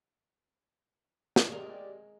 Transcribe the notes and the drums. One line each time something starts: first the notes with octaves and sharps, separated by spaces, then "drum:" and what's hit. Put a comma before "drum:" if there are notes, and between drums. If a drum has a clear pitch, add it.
drum: snare
G#3 G4 A#4 D5